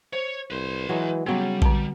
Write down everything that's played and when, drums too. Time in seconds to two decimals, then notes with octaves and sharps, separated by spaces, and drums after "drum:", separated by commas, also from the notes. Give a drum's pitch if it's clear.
0.13 C5 C#5
0.51 C2 B4 C6
0.89 E3 F#3 G#3
1.27 C#3 F#3 G3 B3 C4
1.62 D3 A5, drum: kick A#1